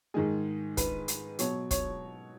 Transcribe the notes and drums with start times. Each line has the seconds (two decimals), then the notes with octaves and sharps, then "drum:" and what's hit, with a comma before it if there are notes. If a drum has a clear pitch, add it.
0.14 G#2 D#3 G#3 G#4
0.77 B4, drum: kick, hi-hat
1.08 drum: hi-hat
1.39 B2 F#3 C#5, drum: hi-hat
1.71 C#5, drum: kick, hi-hat